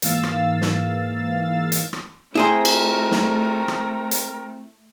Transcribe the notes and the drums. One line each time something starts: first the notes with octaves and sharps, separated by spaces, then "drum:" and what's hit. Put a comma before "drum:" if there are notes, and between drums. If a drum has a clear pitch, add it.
G#2 E3 A#3 F5 E6 A6, drum: hi-hat
drum: rim click
drum: snare
drum: hi-hat
drum: rim click
A3 C4 E4 G#4 A#4 C5
drum: cymbal
drum: snare
drum: rim click
drum: hi-hat